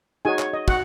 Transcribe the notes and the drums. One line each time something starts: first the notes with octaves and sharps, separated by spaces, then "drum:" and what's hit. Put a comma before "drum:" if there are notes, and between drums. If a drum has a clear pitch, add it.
D#4 F#4 G#4 C#5 G#5
C#5, drum: clap
D#5
F#4 F#5, drum: kick